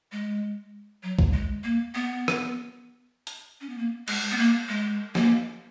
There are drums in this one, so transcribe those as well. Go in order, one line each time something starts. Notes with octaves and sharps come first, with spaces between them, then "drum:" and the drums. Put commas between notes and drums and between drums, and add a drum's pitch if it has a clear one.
G#3
F#3
drum: kick
G#3
A#3
B3
drum: rim click
drum: hi-hat
C#4
B3
A#3
G#3, drum: cymbal
B3
A#3
G#3
A#3, drum: snare